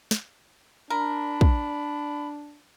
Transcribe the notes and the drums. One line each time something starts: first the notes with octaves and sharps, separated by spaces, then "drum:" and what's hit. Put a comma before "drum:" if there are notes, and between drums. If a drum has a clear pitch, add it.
drum: snare
D4 A#4 B5
drum: kick